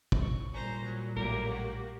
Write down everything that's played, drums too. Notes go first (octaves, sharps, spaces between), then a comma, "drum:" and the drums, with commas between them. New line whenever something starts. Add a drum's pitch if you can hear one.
drum: kick
C#6
A#2 G3 C#4 C5 A#5
F#3
A#1 A2 F#3 A#3 G4 A#4
F#4